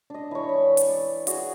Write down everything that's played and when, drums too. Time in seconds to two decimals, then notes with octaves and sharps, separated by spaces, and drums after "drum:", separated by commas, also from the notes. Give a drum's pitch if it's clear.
0.10 D4 D#5
0.31 E3 C#5
0.49 B5
0.77 drum: hi-hat
0.89 D5
1.27 F#4 G#4 G#5, drum: hi-hat